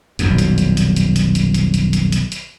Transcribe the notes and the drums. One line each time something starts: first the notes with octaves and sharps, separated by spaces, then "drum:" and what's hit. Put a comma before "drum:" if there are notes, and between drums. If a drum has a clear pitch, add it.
D#1 B1 F2, drum: hi-hat
drum: hi-hat
drum: hi-hat
drum: hi-hat
drum: hi-hat
drum: hi-hat
drum: hi-hat
drum: hi-hat
drum: hi-hat
drum: hi-hat
drum: hi-hat
drum: hi-hat